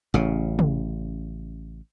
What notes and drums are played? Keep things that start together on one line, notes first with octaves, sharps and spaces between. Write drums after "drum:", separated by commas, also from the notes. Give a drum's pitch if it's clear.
A1 C#3
drum: tom